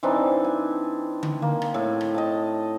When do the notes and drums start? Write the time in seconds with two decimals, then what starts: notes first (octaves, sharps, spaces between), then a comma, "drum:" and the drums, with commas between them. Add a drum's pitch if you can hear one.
0.03 E3 C4 D4 D#4
0.44 G#5
1.23 drum: tom D3
1.42 A#3
1.62 drum: rim click
1.74 A2
2.01 drum: rim click
2.14 D#5 G5 A5